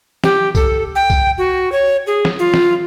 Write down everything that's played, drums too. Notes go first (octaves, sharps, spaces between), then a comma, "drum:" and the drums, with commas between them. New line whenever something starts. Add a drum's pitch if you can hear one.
G4, drum: snare
A4, drum: kick C2, tambourine
G5
drum: kick C2, tambourine
F#4
C#5
G#4
drum: snare
F4
drum: snare